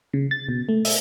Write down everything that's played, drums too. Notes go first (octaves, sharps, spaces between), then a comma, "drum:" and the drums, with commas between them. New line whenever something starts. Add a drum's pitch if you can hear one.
C#3
A6
B2
A3
E5, drum: open hi-hat